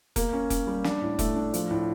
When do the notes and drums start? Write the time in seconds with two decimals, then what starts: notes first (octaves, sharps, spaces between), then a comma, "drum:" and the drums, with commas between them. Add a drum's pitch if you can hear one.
0.16 A#3, drum: kick F1, hi-hat
0.33 C#4
0.50 C#4, drum: kick F1, hi-hat
0.67 G3
0.84 D4, drum: snare
1.02 A2
1.19 A3, drum: kick F1, hi-hat
1.36 D4
1.54 F3, drum: hi-hat
1.71 A2